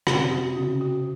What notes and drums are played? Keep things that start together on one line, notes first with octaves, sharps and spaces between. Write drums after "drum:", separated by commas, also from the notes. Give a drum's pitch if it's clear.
C3 C#4, drum: rim click
F#4
C#3 F#4
F#4